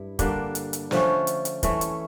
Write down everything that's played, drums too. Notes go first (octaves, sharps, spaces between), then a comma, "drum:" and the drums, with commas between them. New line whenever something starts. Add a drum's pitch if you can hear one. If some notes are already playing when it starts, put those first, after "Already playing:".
Already playing: G2 E4
D3 G3 A#3 D4, drum: kick, hi-hat
drum: hi-hat
drum: hi-hat
D3 F3 A3 C#4, drum: snare
drum: hi-hat
drum: hi-hat
E3 A3 C#4, drum: kick, hi-hat
drum: hi-hat